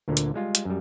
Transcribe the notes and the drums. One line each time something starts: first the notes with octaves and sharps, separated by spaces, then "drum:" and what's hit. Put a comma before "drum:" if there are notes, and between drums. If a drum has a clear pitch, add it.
D2 A#2 D3
drum: hi-hat
G3 G#3 F4
drum: hi-hat
F#2 G3